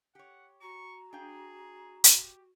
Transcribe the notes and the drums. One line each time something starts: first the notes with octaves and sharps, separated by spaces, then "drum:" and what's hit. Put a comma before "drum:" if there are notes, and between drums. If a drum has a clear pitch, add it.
G4 C#5 F#5
F#4 A#5 C#6
D4 G#4 F5 G5
drum: hi-hat
G4